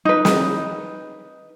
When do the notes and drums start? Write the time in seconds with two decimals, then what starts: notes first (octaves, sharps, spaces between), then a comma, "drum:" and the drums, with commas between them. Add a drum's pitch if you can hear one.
0.05 D#4 B4
0.25 drum: snare